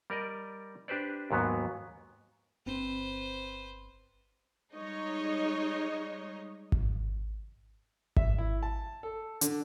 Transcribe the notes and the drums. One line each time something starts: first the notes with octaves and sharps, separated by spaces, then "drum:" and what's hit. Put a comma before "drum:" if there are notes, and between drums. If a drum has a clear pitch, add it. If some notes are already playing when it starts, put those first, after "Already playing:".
G3 A#4 D5 D#5
D4 G4 B4 C5 D5
D#2 G#2 F#3 B3
G1 C4 B4 C5
G3 G#3 D#4 C#5 D#5
drum: kick G#1
E5, drum: kick G#1
E4
A5
A4
D3, drum: hi-hat